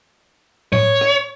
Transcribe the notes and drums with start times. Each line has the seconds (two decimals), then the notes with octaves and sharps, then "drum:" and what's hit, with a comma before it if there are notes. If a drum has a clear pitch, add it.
0.73 C#5, drum: tom A2
1.01 drum: rim click